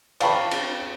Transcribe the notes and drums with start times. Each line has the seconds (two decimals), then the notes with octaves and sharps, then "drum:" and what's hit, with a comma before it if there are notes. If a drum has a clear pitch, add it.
0.20 D5 F5 G5 A5 B5 C#6, drum: cymbal
0.51 drum: cymbal